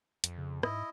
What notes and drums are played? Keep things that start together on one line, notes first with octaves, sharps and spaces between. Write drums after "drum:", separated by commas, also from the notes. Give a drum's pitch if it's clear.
F2, drum: hi-hat
C#3
G#2 E4 D#5, drum: rim click